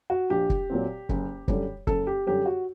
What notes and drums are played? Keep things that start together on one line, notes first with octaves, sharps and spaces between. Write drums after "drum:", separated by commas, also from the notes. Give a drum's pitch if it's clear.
F#4
A#1 G4
drum: kick
A#2 F#3 C4
F#1, drum: kick
F#2 D3 G3, drum: kick
F#1 A4, drum: kick
G4
F#2 D3 G3 G4
F#4